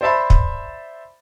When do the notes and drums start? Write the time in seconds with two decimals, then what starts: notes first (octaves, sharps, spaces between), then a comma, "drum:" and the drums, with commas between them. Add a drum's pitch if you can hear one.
0.01 C5 D5 E5 A5 B5
0.30 drum: kick